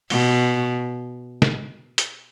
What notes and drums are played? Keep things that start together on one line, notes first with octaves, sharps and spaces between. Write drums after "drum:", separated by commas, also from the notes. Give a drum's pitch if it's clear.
B2, drum: open hi-hat
drum: snare
drum: hi-hat